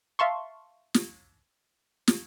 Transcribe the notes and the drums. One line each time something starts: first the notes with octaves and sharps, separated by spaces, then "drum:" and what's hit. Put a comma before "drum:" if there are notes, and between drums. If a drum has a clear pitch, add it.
E5 F5 A5 C6 C#6
drum: snare
drum: snare